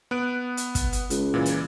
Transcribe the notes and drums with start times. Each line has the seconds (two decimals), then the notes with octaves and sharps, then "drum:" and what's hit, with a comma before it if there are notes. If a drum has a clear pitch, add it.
0.11 B3 F#6 D7
0.57 drum: hi-hat
0.75 drum: kick, hi-hat
0.93 drum: hi-hat
1.10 C#2, drum: hi-hat
1.34 A#2 E3
1.46 drum: hi-hat